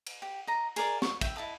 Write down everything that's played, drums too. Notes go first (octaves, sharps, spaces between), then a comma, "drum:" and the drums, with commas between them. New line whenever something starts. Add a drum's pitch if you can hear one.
drum: cymbal
G4
D#5 A#5
G#4 A#4 D5 D6, drum: cymbal
C#6, drum: snare
E5 G5, drum: kick, cymbal
E4 D#5 A5 D#6